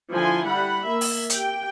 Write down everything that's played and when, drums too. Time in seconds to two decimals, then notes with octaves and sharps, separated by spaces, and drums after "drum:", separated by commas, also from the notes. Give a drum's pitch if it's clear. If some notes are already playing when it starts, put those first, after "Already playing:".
0.13 D3 F3 E4 G#5 C6
0.48 G3 F#5 B5
0.86 A#3 E5
1.01 drum: open hi-hat
1.30 G4 G5, drum: hi-hat